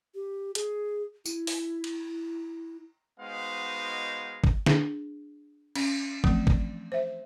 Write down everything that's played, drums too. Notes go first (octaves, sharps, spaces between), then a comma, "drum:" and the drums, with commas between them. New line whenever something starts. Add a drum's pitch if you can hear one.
G4
G#4, drum: hi-hat
E4, drum: tambourine
drum: open hi-hat
drum: cymbal
G#3 B3 D#4 F#4 C5 F5
drum: kick
D4 G#4, drum: snare
C#4, drum: cymbal
E3 F3 A3 C4, drum: kick
drum: kick
C5 E5